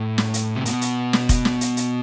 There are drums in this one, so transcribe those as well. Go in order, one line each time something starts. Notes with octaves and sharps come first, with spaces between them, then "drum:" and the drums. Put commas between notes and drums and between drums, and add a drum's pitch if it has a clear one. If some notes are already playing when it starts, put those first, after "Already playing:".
Already playing: A2
drum: snare
drum: hi-hat
C3
B2, drum: hi-hat
drum: hi-hat
drum: snare
drum: kick F1, hi-hat
drum: snare
drum: hi-hat
drum: hi-hat